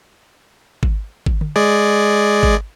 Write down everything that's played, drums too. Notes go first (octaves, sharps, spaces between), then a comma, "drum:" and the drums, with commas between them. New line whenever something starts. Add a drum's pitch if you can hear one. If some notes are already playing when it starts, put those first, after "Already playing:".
drum: kick G#1
drum: kick G#1
drum: tom D3
G#3 G#4 D5
drum: kick G#1